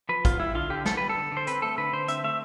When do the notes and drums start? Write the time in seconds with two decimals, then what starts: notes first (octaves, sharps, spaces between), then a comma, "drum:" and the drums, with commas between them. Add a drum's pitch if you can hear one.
0.09 F3 B4
0.25 B3 F4, drum: kick, hi-hat
0.39 G3 E4
0.55 D3 F4
0.70 D3 G4
0.86 B3 A4, drum: snare
0.97 G3 B4
1.09 A4
1.17 D3
1.32 D3
1.37 C5
1.47 C4 B4, drum: hi-hat
1.62 A3 A4
1.78 D3 B4
1.93 D3 C5
2.08 C4 E5, drum: hi-hat
2.24 A3 E5